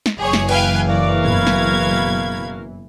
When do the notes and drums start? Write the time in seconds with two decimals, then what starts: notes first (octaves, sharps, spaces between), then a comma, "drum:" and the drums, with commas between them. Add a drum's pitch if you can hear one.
0.06 drum: snare
0.19 F#1 E3 G4 G#4 C#5
0.33 drum: snare
0.49 B4 F5 G5 G#5, drum: cymbal
0.89 F#4 A#4 D5 F5
1.25 B2 B5 G#6, drum: tom
1.47 drum: snare